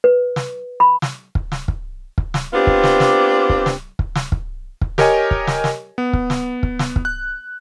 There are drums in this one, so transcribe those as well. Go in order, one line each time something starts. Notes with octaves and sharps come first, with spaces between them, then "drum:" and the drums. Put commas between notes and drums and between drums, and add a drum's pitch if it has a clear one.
B4
drum: snare
B5
drum: snare
drum: kick
drum: snare
drum: kick
drum: kick
drum: snare
B3 C4 D4 F4 G4
drum: kick
drum: snare
drum: snare
drum: kick
drum: snare
drum: kick
drum: snare
drum: kick
drum: kick
G4 A#4 C#5 D#5 G#5, drum: snare
drum: kick
drum: snare
drum: snare
B3
drum: kick
drum: snare
drum: kick
drum: snare
drum: kick
F#6